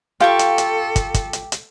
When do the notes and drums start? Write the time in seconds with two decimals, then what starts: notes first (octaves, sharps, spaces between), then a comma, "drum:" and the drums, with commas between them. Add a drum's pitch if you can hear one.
0.20 F4 G4 A4 F5 G5 C#6
0.39 drum: hi-hat
0.58 drum: hi-hat
0.96 drum: kick, hi-hat
1.14 drum: kick, hi-hat
1.33 drum: hi-hat
1.52 drum: hi-hat